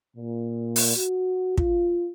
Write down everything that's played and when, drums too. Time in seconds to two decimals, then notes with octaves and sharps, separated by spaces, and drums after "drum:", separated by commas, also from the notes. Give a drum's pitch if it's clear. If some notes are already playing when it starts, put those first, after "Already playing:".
0.17 A#2
0.76 drum: open hi-hat
0.97 F#4
1.58 F4, drum: kick